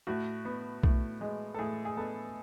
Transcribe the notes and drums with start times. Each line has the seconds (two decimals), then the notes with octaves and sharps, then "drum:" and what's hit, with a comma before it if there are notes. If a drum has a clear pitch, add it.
0.07 A2 F#4
0.45 B3
0.83 A2, drum: kick B1
1.21 G#3
1.54 A4
1.59 A2 G#4
1.85 G#4
1.97 B3 A4